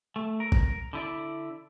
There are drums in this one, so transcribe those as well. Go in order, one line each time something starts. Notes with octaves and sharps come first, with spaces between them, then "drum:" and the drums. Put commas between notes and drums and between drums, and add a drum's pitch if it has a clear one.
A3
A#4
drum: kick G1
D3 E4 D5